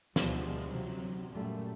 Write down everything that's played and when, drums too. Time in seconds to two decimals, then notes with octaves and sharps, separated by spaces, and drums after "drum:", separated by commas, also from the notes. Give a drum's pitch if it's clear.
0.16 D2 B2 F3 G3 G#3 B3, drum: snare
0.67 C3 F#3
1.33 F#2 A#2 G3 A3